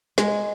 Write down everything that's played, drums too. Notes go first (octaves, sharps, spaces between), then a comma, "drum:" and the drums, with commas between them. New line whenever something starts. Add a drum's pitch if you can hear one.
G#3, drum: snare